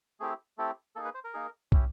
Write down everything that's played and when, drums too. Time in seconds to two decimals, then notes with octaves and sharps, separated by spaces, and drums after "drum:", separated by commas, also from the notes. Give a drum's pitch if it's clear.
0.20 A3 C4 E4 G4 G#4
0.58 A3 C4 E4 G4 A4
0.96 A#3 D#4 G#4 A4
1.05 B4
1.14 C5
1.24 A#4
1.34 A#3 D#4 G#4
1.72 C#4 E4 G4, drum: kick